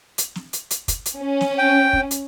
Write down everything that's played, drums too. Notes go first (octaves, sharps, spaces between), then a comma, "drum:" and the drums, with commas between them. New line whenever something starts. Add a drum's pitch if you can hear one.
drum: hi-hat
drum: snare
drum: hi-hat
drum: hi-hat
drum: kick, hi-hat
drum: hi-hat
C#4
drum: snare
G5
drum: kick
drum: hi-hat